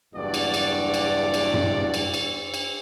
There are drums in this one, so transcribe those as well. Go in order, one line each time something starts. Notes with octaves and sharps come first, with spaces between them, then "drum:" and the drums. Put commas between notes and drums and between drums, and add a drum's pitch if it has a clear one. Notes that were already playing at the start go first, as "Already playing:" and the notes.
F#1 E2 G2 F#4 D5
drum: cymbal
drum: cymbal
drum: cymbal
drum: cymbal
drum: tom F#2
drum: cymbal
drum: cymbal
drum: cymbal